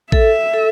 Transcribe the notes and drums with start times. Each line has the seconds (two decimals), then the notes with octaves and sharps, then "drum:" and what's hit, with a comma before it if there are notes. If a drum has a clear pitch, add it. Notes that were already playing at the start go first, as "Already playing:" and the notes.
0.12 A4 E5, drum: kick A1
0.54 A4